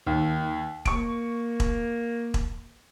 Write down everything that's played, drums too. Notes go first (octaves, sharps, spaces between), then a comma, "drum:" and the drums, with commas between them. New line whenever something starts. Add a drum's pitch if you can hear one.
D#2 D#3
A#3 C#6 D7, drum: kick E1
drum: kick E1
drum: kick E1